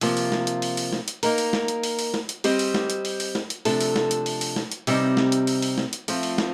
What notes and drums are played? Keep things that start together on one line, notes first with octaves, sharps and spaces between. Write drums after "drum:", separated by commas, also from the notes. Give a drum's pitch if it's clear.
C3 F3 A#3 F4, drum: open hi-hat
drum: open hi-hat
drum: snare
drum: hi-hat
drum: open hi-hat
drum: open hi-hat
drum: snare
drum: hi-hat
A#3 D#4 A#4, drum: open hi-hat
drum: open hi-hat
drum: snare
drum: hi-hat
drum: open hi-hat
drum: open hi-hat
drum: snare
drum: hi-hat
G3 C4 G4 C5 D#5, drum: open hi-hat
drum: open hi-hat
drum: snare
drum: hi-hat
drum: open hi-hat
drum: open hi-hat
drum: snare
drum: hi-hat
C3 F3 A3 D4 A4, drum: open hi-hat
drum: open hi-hat
drum: snare
drum: hi-hat
drum: open hi-hat
drum: open hi-hat
drum: snare
drum: hi-hat
C3 G3 C4 D#4, drum: open hi-hat
drum: snare
drum: hi-hat
drum: open hi-hat
drum: open hi-hat
drum: snare
drum: hi-hat
F3 A3 C4 F4, drum: open hi-hat
drum: open hi-hat
drum: snare